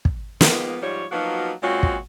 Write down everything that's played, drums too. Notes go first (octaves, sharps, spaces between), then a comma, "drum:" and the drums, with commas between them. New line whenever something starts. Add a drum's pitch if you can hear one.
drum: kick
D#3 F3 G#3 A#3 B3, drum: snare
G#2 F3 G3 C#5
F3 F#3 A#3 B3 D#4 F#4
A#2 G#3 C4 C#4 F4 F#4
drum: kick